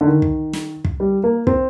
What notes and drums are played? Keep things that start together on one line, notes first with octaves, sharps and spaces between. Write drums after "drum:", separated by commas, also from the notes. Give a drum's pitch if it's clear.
D3
D#3
drum: kick
drum: snare
drum: kick
G3
A#3
C4, drum: kick